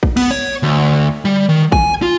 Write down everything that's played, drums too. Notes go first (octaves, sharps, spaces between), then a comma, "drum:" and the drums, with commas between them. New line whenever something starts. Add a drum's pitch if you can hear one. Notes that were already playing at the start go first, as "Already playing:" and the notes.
drum: kick
B3, drum: cymbal
C#5
D2
G3
D#3
G#5, drum: kick
F4